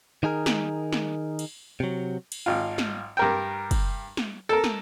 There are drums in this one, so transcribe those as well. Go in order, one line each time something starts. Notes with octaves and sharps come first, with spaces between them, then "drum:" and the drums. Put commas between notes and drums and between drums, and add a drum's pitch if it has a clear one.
D#3 D#4 G#4 A#4
drum: snare
drum: snare
drum: cymbal
C3 F#3
drum: cymbal
G#1 F4
drum: snare
G2 A#4 G5
drum: kick, cymbal
drum: snare
A4 A#4
drum: snare